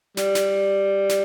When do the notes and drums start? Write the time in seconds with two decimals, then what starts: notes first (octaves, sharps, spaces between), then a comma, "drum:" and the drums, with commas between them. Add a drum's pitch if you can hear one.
0.17 G3, drum: snare
0.35 drum: snare
1.09 drum: snare